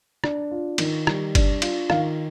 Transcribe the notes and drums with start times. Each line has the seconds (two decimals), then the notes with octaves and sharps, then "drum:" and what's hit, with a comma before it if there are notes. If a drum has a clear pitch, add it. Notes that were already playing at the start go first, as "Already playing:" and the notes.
0.24 D4, drum: rim click
0.51 F4
0.78 D#3, drum: cymbal
1.07 G3, drum: rim click
1.35 D4, drum: kick G1, cymbal
1.62 F4, drum: cymbal
1.90 D#3 F5, drum: rim click